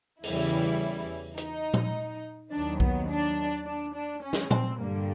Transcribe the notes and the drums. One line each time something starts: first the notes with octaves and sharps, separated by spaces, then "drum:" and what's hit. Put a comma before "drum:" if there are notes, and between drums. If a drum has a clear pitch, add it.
E2 C#3 E3 G3 E4, drum: open hi-hat
D#4, drum: hi-hat
drum: tom A#2
D#2 D#3 F#3 D4
B3, drum: kick B1
D4
D4
D4
C#4
drum: snare
C4, drum: tom A#2
G2 D3 G3 A#3